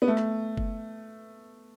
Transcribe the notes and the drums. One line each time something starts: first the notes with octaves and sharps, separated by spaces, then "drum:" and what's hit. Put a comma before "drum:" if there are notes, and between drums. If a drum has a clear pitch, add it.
B3
A3
drum: snare
drum: kick F#1